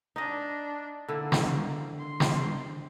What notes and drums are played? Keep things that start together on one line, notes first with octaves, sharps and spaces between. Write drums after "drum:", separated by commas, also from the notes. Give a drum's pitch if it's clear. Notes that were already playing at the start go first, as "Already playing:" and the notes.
D4 D#4 D#5
D3 A#3 E4
drum: snare
C6
drum: snare